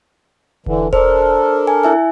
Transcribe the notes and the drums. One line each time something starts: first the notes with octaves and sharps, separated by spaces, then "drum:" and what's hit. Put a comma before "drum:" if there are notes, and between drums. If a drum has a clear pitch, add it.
D3 E3, drum: kick E1
D4 A4 A#4 C5, drum: kick E1
G#5
E4 E5 G#5